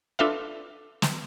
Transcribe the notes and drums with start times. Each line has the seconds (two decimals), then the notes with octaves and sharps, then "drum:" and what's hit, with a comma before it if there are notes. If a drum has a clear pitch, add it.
0.19 D4 F4 A4 B4 E5 F5
1.02 drum: snare